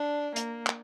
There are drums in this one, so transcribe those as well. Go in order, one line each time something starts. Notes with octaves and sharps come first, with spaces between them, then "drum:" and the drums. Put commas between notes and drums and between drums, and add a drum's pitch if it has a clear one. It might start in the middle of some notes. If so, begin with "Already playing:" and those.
Already playing: D4
A#3, drum: hi-hat
drum: clap